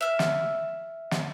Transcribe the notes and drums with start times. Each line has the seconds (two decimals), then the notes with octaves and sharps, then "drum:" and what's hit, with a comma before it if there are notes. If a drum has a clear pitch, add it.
0.01 E5 F6
0.19 drum: snare
1.11 drum: snare